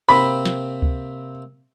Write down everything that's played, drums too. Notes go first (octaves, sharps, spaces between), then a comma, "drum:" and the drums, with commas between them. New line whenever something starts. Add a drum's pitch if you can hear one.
C3 A#3 C4 B5
drum: snare
drum: kick C#2